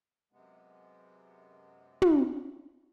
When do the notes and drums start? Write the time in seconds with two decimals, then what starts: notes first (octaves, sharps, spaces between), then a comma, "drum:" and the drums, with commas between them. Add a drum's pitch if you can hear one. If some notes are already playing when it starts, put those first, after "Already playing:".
0.32 F#2 C3 G#3 B3
2.02 drum: tom